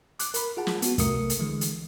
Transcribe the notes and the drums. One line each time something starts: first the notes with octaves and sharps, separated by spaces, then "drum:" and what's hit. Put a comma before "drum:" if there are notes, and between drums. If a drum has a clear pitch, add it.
D6 F#6, drum: hi-hat
A#4 B5, drum: hi-hat
F4 G#4 F#5 A5
drum: snare
B3 F#4, drum: hi-hat
B1 C3 A3 A#4 D#6 C#7, drum: kick, hi-hat
drum: hi-hat
D3 E3 G#3
drum: hi-hat